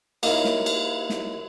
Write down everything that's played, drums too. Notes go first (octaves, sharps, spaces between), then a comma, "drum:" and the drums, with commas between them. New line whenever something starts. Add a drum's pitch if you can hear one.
A#3 D#4 E4 C#5 F5, drum: cymbal
drum: snare
drum: cymbal
drum: snare